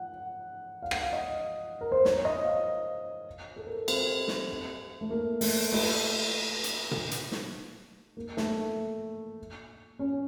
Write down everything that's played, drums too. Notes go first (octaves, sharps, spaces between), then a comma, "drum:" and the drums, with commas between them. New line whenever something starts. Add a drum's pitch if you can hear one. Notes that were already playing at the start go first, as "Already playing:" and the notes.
Already playing: F#5
F5
F#5, drum: rim click
F5
D#5
A#4
C5
C#5, drum: snare
D#5
F5
A4
A#4
C4, drum: cymbal
drum: snare
A3
A#3
A3, drum: open hi-hat
A3, drum: cymbal
drum: hi-hat
drum: tom A#2
drum: hi-hat
drum: snare
A#3
A3, drum: snare
C#4